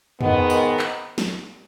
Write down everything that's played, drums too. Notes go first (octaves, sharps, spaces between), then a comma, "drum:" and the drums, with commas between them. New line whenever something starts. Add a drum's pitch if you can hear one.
G#2 D#3 G#3 B3, drum: tom
A#4, drum: tambourine
drum: clap
drum: snare